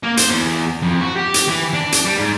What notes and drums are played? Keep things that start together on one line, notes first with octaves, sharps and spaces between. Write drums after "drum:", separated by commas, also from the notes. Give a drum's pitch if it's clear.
A#3
C5, drum: hi-hat
E2
F2
F#4
G4
drum: hi-hat
E3
D4
drum: hi-hat
G3
G#2